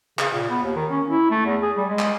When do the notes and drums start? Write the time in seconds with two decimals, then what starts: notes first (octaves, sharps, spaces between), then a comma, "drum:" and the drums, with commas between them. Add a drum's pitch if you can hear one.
0.19 C#3, drum: clap
0.33 A#2
0.50 B3
0.63 D#2
0.76 D#3
0.90 C#4
1.07 E4
1.30 A3
1.46 E2
1.62 G#4
1.77 G3
1.89 G#3
1.99 drum: clap